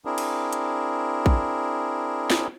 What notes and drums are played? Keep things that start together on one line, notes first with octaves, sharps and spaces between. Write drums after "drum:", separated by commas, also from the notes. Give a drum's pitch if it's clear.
C4 D4 E4 G#4 A#4
drum: cymbal
drum: hi-hat
drum: kick A#1
drum: snare